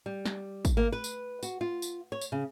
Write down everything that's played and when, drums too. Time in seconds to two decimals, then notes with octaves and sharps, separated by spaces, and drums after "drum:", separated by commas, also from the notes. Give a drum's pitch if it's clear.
0.06 G3
0.25 drum: snare
0.65 drum: kick, tambourine
0.77 A#3
0.92 B4
1.04 drum: tambourine
1.43 F#4, drum: tambourine
1.61 F4
1.82 drum: tambourine
2.12 C#5
2.21 drum: tambourine
2.32 C#3